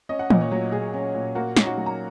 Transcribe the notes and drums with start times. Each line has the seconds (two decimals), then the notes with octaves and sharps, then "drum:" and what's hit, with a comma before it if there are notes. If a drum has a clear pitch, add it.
0.09 C#4 D#5
0.19 F#5
0.30 A#2 D#5, drum: tom
0.41 C#5
0.51 F#3
0.72 A#2 G#4
0.94 C#4
1.14 A#2
1.35 A#3 F#4
1.56 C#4, drum: snare
1.63 D#4
1.66 F#4
1.77 F#3
1.86 A#5